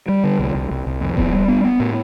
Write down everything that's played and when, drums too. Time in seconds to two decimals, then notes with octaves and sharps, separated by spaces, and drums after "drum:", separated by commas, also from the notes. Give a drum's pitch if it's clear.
0.08 G3
0.24 D3
0.39 C2
0.55 C2
0.71 C2
0.87 C2
1.01 F2
1.17 B3, drum: kick D#1
1.33 G3
1.48 B3
1.64 B3
1.80 A2